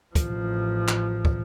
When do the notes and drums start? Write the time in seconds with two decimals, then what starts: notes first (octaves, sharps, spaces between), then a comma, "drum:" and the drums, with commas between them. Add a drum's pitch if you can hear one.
0.15 A1 F3, drum: kick, hi-hat
0.88 drum: clap
1.25 drum: kick